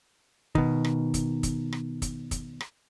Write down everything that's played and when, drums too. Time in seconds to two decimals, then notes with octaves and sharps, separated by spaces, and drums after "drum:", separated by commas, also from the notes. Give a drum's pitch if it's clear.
0.55 B2 D#3, drum: kick
0.84 drum: rim click
1.14 drum: kick, hi-hat
1.43 drum: kick, hi-hat
1.72 drum: rim click
2.02 drum: kick, hi-hat
2.31 drum: kick, hi-hat
2.61 drum: rim click